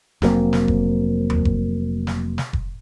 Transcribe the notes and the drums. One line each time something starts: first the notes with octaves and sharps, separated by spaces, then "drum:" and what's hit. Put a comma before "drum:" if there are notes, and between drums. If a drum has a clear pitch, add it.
F1 F#3 A#3 C4, drum: snare
drum: snare
drum: kick F1
drum: tom D#2
drum: kick F1
drum: snare
drum: snare
drum: kick F1